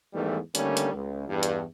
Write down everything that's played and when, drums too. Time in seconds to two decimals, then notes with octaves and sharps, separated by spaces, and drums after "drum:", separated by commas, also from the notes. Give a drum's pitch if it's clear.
0.14 E2 G#2 D#3 E3 G3 A3
0.55 D3 D#3 G3 A3 A#3 C#4, drum: hi-hat
0.77 drum: hi-hat
0.93 C#2
1.29 E2 G2
1.43 drum: hi-hat